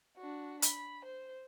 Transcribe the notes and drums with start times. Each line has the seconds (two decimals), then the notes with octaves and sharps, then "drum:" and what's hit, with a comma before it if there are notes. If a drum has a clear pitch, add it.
0.17 D4 F#4
0.62 B5, drum: hi-hat
1.05 C5